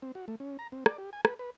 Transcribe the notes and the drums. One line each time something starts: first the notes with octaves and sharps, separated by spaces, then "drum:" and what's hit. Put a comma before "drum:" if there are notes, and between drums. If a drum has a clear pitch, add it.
C4
F#4
A3
C#4
A#5
C4
D5, drum: rim click
G4
G#5
B4, drum: rim click
B4